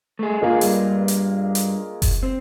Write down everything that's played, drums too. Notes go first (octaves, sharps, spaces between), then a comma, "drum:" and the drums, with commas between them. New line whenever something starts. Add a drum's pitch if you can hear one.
A3 G#4
D3 G#3 A#3 F4 G#4
G2 G3 D4, drum: open hi-hat
drum: hi-hat
drum: hi-hat
drum: kick F#1, open hi-hat
C4